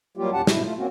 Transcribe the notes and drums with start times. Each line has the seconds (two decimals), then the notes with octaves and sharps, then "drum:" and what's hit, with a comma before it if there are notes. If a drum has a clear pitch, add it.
0.17 F#3 G3 A#3 F4 G4
0.33 D#2 A#2 C#4 G4 F#5 A5
0.47 G#2 B2 E4, drum: snare
0.63 A3 F4
0.77 A#3 C4 C#4 F#4